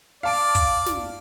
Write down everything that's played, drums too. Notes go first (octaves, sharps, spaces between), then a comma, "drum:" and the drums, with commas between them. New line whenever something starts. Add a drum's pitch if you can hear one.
D5 F5 A5 D7
drum: kick, hi-hat
drum: snare